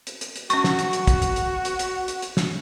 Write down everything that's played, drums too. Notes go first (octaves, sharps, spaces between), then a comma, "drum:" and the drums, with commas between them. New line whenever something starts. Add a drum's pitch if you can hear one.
drum: hi-hat
drum: hi-hat
drum: hi-hat
C#4 F#4 C#6, drum: hi-hat
drum: snare
drum: hi-hat
drum: hi-hat
drum: kick, hi-hat
drum: hi-hat
drum: hi-hat
drum: hi-hat
drum: hi-hat
drum: hi-hat
drum: hi-hat
drum: snare